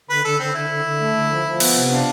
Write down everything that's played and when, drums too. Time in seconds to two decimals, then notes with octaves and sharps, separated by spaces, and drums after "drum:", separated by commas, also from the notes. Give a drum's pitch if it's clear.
0.10 D3 B4
0.25 D3 A4
0.40 D3 C4
0.54 D3 E4
0.70 D3
0.85 D3
1.00 A3
1.16 D3
1.30 F3
1.45 F3
1.60 B3, drum: cymbal
1.75 C3
1.91 D4 F4